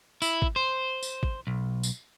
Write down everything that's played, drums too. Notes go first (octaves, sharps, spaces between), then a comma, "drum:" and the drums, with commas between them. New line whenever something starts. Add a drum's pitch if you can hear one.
E4, drum: tambourine
drum: kick
C5
drum: tambourine
drum: kick
B1
drum: tambourine